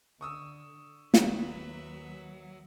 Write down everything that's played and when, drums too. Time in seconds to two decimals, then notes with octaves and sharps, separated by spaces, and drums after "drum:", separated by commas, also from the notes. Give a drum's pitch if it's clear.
0.21 D3 C#6 D#6 E6
1.14 D#2 F#3 B4 E5, drum: snare